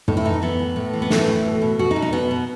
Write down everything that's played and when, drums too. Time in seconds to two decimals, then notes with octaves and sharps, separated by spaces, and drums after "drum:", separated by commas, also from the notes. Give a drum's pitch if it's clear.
0.08 A2, drum: tom
0.17 E4
0.25 E3 D#4
0.42 E3 B3
0.59 A2
0.76 A2
0.93 E3
1.02 B3
1.10 E3 A3, drum: snare
1.27 A2
1.45 B2
1.61 B2
1.79 B2 F#4
1.91 D#4
1.96 B2
2.02 D#4
2.13 B2 B3
2.31 B2